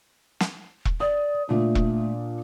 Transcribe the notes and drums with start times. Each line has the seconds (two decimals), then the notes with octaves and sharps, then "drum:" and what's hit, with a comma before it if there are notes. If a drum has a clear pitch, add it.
0.40 drum: snare
0.85 drum: kick E1
1.00 D5 D#6
1.49 A#2 A3 D4
1.75 drum: kick E1